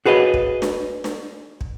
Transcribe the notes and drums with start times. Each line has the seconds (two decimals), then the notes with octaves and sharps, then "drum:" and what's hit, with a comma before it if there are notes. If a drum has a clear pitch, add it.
0.06 F#4 G#4 B4 C#5 D#5
0.34 drum: kick
0.62 drum: snare D4
1.04 drum: snare D4
1.61 drum: kick